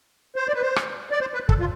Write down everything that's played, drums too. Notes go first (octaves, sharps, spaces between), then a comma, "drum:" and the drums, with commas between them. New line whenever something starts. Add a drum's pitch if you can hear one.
C5
D5
B4
C5
drum: rim click
D5
C5
B4
A4, drum: kick
F4